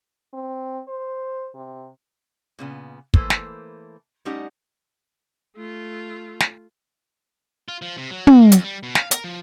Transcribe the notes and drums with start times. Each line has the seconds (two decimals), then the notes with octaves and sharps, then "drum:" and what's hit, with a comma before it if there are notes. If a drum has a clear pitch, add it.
0.34 C4
0.88 C5
1.55 C3
2.59 A#2 C#3 B3
3.14 E3 A3 A#3 A4 B4 C5, drum: kick
3.30 drum: snare
4.25 G3 A3 C#4 D#4 G4 F#5
5.56 A3 F4
6.40 drum: snare
7.68 F4
7.82 F3
7.98 C3
8.11 F#3
8.27 F#4, drum: tom
8.40 A#3
8.52 F2, drum: hi-hat
8.64 G3
8.83 B2
8.95 F5, drum: snare
9.11 A#4, drum: hi-hat
9.24 F3